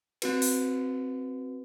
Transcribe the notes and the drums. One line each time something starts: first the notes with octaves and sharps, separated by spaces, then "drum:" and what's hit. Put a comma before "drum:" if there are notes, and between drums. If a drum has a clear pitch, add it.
C4 F#4 B4, drum: cymbal
drum: open hi-hat